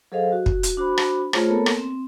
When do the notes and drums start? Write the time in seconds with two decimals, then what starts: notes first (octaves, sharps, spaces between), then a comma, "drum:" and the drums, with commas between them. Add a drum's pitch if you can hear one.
0.12 F#3 G#4 A4 C5 D#5 F5
0.32 F#4
0.46 drum: kick
0.63 drum: hi-hat
0.77 D4 F#4 C5 B5
0.98 drum: rim click
1.33 A3 F4 G#4 C5 C#5, drum: rim click
1.48 A#3 B3 A4 A#4 C#5 A5
1.66 drum: rim click
1.78 C4